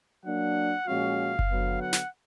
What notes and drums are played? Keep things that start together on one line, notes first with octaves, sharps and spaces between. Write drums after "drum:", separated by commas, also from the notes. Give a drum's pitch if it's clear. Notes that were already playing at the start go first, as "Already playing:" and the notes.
F#3 A#3 D4 F#5
A#2 F3 G#3 C#4 F#4 F5
drum: kick F#1
D3 F#3 B3
F#5
drum: snare